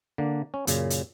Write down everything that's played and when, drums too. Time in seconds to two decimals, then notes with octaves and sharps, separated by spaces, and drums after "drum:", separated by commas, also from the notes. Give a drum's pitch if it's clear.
0.18 D3 A#3 D4
0.54 C#4
0.67 F#2 A#2 C#3, drum: hi-hat
0.90 drum: hi-hat